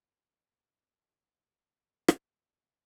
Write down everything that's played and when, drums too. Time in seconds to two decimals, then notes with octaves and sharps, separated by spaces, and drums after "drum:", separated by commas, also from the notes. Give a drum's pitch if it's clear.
0.91 B3 C4 B4 C#5 D#5 G5
2.08 drum: rim click